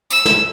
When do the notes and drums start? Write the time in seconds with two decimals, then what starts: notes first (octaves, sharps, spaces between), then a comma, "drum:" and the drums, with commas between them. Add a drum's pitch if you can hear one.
0.10 E6, drum: tambourine
0.26 drum: snare